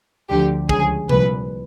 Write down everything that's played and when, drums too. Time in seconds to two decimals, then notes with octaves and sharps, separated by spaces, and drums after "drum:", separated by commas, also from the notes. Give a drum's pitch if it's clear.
0.29 D2 D3 F3 G4
0.69 C#2 C#3 F3 G#4, drum: kick
1.09 C2 A#2 F3 B4, drum: tom C3